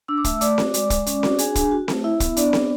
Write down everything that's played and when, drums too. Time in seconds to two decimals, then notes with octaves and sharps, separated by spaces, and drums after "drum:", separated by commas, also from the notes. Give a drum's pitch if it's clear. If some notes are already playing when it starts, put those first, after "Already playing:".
0.08 D4 E6
0.18 D6
0.24 A3 E5 E6, drum: kick, hi-hat
0.41 A3 D5 D6, drum: hi-hat
0.58 F#4, drum: snare C4
0.74 G#3, drum: hi-hat
0.90 G#3, drum: kick, hi-hat
1.06 C#4, drum: hi-hat
1.23 F#4, drum: snare C4
1.39 D4 G#4 G#5, drum: hi-hat
1.55 D4, drum: kick, hi-hat
1.71 F#4
1.88 A3, drum: snare C4
2.04 E4 E5
2.20 B3, drum: kick, hi-hat
2.37 B3 D4 D5, drum: hi-hat
2.53 B3, drum: snare C4